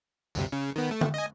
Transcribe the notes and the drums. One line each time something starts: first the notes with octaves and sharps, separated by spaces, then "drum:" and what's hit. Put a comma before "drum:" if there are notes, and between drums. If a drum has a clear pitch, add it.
D2 G2 C3, drum: tambourine
C#3
D#3 B3
A3
drum: tom
D#5 G#5